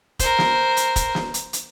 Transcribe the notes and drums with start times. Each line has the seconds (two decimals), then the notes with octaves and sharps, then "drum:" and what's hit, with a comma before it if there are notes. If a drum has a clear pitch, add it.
0.19 A#4 C5, drum: kick, hi-hat
0.38 drum: snare
0.77 drum: hi-hat
0.96 drum: kick, hi-hat
1.15 drum: snare
1.34 drum: hi-hat
1.53 drum: hi-hat